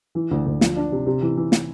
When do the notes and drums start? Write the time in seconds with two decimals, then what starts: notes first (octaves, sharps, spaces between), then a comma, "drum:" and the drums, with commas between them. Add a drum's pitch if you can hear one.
0.15 E3
0.31 D2
0.46 D2
0.61 F3, drum: snare
0.76 D4
0.92 C3
1.06 C3
1.22 E3
1.37 E3
1.52 drum: snare